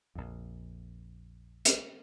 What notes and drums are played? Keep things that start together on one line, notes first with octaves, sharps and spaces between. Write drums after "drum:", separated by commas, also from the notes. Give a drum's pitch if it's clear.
A#1 F2
drum: hi-hat